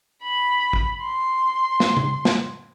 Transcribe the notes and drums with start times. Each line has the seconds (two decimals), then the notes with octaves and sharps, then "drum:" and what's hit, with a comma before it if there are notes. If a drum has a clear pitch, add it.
0.22 B5
0.73 drum: kick A1
1.02 C6
1.80 drum: snare
1.97 drum: tom C3
2.25 drum: snare